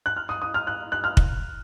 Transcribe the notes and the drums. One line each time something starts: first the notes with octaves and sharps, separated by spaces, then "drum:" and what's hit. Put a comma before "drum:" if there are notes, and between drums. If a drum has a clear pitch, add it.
F#6
F6
D#6
D#6
F6
F#6
F#6
F6
drum: kick